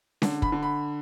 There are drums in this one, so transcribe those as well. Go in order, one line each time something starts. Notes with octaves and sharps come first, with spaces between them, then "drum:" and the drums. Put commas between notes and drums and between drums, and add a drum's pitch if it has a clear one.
D3, drum: snare C#4
B5, drum: kick
D3
B5